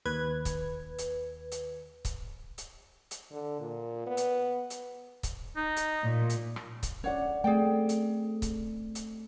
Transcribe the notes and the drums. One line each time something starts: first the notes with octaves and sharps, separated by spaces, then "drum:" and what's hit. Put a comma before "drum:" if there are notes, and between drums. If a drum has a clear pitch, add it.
D#2 B4 G#6
drum: kick C#1, hi-hat
drum: hi-hat
drum: hi-hat
drum: kick C#1, hi-hat
drum: hi-hat
drum: hi-hat
D3
A#2
B3
drum: hi-hat
drum: hi-hat
drum: kick C#1, hi-hat
D#4
drum: hi-hat
A#2
drum: hi-hat
drum: rim click
drum: kick C#1, hi-hat
C#4 C#5 D5 F#5
A3 C4 G#4 D5 G5
drum: hi-hat
drum: kick C#1, hi-hat
drum: hi-hat